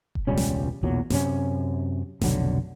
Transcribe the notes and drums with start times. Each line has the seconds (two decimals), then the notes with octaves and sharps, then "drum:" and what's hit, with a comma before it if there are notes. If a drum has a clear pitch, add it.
0.15 drum: kick F1
0.27 E1 C#2 G3 C#4
0.37 drum: snare
0.83 B1 E2 A#2 F#3
1.10 F#2 C3 C#4, drum: snare
2.21 F1 B1 D3 F#3, drum: snare